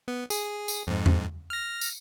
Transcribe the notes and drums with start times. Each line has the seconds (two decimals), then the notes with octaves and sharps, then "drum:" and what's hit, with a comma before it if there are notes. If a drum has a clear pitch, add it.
0.08 B3
0.30 G#4, drum: tambourine
0.68 drum: tambourine
0.87 F2 G#2
1.06 drum: tom E2
1.50 F6 A#6
1.81 drum: tambourine